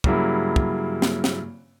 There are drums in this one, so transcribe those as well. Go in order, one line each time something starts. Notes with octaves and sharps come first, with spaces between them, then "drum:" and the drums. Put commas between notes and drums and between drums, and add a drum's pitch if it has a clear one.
G2 C#3 F#3 A#3 E4, drum: kick
drum: kick
drum: snare
drum: snare